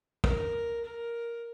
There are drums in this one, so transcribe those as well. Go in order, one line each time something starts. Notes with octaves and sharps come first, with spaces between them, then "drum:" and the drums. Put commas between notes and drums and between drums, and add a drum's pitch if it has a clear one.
A#4, drum: kick
A#4